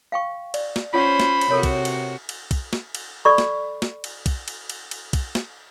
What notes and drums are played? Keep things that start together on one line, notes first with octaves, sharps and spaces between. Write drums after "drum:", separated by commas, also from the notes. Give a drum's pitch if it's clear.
F5 G5 C#6
D5, drum: cymbal
drum: snare
C#4 F4 C5 C#5 F#5 B5
drum: snare
drum: cymbal
C3 F#4 A4 A#4 C#5
drum: kick, cymbal
drum: cymbal
drum: cymbal
drum: kick, cymbal
drum: snare
drum: cymbal
A4 D5 B5 C#6
drum: snare
drum: snare
drum: cymbal
drum: kick, cymbal
drum: cymbal
drum: cymbal
drum: cymbal
drum: kick, cymbal
drum: snare